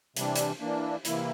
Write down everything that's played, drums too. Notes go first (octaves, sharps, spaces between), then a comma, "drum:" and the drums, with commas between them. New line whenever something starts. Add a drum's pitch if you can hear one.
C3 E3 G3 D4, drum: hi-hat
drum: hi-hat
E3 A#3 D4
C3 E3 A#3 E4, drum: hi-hat